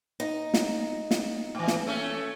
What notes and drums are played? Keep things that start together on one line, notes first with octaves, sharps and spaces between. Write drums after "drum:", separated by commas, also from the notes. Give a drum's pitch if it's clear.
D#4
drum: snare
drum: snare
A2 E3
drum: snare
A3 C#4